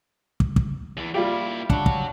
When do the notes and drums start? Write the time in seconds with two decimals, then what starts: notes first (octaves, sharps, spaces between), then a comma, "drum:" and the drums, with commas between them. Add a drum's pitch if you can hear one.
0.40 drum: kick
0.56 drum: kick
0.97 E2 E3
1.14 A#2 G3 E4 F4 G4
1.70 D4 C#5 F#5, drum: kick
1.86 drum: kick